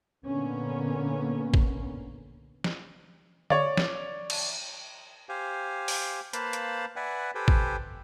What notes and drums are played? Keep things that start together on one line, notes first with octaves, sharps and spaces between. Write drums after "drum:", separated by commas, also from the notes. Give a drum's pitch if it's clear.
A#2 D3 A#3 B3 C#4
drum: kick
drum: snare
C#5 D5, drum: tom D3
drum: snare
drum: cymbal
G4 C5 F5 G#5
drum: open hi-hat
A#3 B4 C5 F5 A5 B5, drum: hi-hat
drum: hi-hat
B4 D5 E5 F#5 G#5
G4 A4 B4 C5 G5 G#5
drum: kick